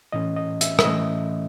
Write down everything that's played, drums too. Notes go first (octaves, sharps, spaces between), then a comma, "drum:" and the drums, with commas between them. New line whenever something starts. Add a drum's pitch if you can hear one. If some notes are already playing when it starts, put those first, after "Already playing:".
A2 E3 A3 C#4 D#5
D#5
E5, drum: hi-hat
E5, drum: rim click
A2 E3 A3 C#4 D#5